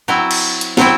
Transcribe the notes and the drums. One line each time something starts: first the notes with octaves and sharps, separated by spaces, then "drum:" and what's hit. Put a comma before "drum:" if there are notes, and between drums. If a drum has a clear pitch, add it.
F#3 C4 E4
drum: cymbal
drum: hi-hat
F#3 C4 E4, drum: snare